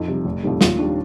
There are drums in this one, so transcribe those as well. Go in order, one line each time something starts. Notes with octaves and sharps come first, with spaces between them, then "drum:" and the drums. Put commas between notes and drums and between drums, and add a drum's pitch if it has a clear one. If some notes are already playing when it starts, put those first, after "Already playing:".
Already playing: F2 D#4
C3 G3
F1
F2 C3 D#3 G3
D#2 F4, drum: snare
D#3 G3 D4